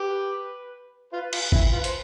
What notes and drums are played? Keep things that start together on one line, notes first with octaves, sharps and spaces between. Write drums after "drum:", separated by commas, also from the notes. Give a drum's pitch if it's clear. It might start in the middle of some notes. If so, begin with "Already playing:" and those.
Already playing: G4 B4
F4 B4
F4, drum: cymbal
E4, drum: kick
F4 B4
C5, drum: hi-hat